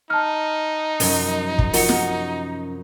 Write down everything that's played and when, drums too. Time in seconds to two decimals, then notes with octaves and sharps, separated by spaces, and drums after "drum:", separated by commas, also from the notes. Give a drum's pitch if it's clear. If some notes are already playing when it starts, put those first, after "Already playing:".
0.10 D#4 A5 F6
1.00 F#2 C3 F3 C#4 A#4, drum: open hi-hat
1.59 drum: kick
1.73 C#4 F4 F#4 A#4 C#7, drum: open hi-hat
1.89 drum: snare